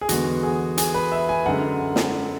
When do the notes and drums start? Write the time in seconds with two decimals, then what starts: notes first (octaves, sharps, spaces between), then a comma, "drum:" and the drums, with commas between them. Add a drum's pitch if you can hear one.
0.01 G#4
0.09 E2 D3 G#3 B3 F#4, drum: hi-hat
0.43 G#4
0.78 G#4, drum: hi-hat
0.94 B4
1.12 E5
1.29 G#5
1.46 F#2 D3 G#3 F#5
1.96 drum: snare